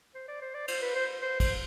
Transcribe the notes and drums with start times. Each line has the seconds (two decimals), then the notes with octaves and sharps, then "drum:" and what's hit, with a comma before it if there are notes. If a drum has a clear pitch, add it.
0.15 C5
0.28 D5
0.42 C5
0.54 D5
0.68 C5, drum: cymbal
0.82 B4
0.95 C5
1.22 C5
1.40 C5, drum: kick, cymbal